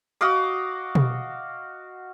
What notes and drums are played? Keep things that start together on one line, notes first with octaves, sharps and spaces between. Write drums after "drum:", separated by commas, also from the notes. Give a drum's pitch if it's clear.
F#4 D#5 F5 D6
drum: tom B2